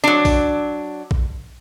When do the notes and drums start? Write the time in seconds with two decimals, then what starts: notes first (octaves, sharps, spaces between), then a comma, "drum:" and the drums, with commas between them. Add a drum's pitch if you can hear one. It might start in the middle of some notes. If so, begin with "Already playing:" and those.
0.04 F#3 D4
0.25 drum: kick A#1, open hi-hat
1.11 drum: kick A#1